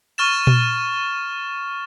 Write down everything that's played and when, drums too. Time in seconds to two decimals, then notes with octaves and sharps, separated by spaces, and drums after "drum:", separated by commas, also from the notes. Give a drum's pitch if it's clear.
0.18 C#6 F6 A6 E7
0.47 drum: tom A#2